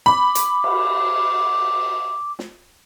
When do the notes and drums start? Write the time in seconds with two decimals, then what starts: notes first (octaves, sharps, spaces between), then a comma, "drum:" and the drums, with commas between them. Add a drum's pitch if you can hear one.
0.06 B5 D6
0.35 drum: hi-hat
0.64 drum: cymbal
2.39 drum: snare